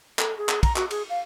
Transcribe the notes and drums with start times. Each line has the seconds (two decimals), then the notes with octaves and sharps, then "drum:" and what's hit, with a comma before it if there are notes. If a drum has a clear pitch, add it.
0.19 A4, drum: clap
0.38 G#4
0.49 drum: clap
0.63 A#5, drum: kick, cymbal
0.76 F#4, drum: clap
0.91 G#4, drum: cymbal
1.10 F5